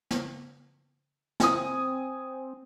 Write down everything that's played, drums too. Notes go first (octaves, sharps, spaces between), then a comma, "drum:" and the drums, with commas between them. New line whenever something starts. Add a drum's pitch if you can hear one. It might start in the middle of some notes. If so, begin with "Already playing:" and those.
drum: snare
C4 G#5 D#6, drum: snare